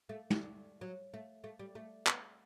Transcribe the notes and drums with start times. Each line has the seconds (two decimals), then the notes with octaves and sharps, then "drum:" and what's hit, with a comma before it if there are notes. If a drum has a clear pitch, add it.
0.09 A3
0.30 G3, drum: tom
0.81 F#3
1.14 A3
1.44 A3
1.59 G3
1.75 A3
2.07 B3, drum: clap